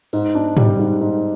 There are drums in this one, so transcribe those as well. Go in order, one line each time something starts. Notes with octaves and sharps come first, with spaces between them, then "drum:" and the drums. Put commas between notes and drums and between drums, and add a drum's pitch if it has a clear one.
G#2, drum: open hi-hat
D4
G3, drum: tom
G#2
G#2